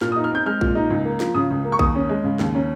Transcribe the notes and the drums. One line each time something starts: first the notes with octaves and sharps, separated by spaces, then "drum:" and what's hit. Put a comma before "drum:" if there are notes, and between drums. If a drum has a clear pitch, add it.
A#2 F6, drum: snare
D#6
D#4
F6
C4 G6
G#3 F6
A#2, drum: kick A#1
D#4
C#2
A#3
F3, drum: snare
C#3 D#6
C#2
A#3
C#6
D#2 D#6, drum: kick A#1
C#4
G#3
C#3
D#2, drum: snare
C#4